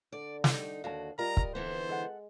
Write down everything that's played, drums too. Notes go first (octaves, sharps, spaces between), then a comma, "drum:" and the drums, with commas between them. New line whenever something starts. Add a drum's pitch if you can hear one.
D3 D5
D#4 G4, drum: snare
D#2 D3 F#4 F5 A5
G3 F4 A#4 D#5 A#5
drum: kick
F2 D3 E3 B3 C5
G#3 A4 F#5